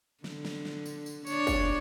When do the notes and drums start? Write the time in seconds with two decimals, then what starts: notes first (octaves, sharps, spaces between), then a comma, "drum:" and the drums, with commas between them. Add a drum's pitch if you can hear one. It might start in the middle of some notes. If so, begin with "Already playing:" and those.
0.24 D3, drum: snare
0.45 drum: snare
0.65 drum: snare
0.86 drum: tambourine
1.06 drum: tambourine
1.27 D4 C#5 D5, drum: tambourine
1.47 drum: kick, tambourine